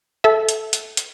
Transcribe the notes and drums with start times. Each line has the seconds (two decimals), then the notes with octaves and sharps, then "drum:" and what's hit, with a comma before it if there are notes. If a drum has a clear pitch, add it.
0.24 A4 E5
0.49 drum: hi-hat
0.73 drum: hi-hat
0.97 drum: hi-hat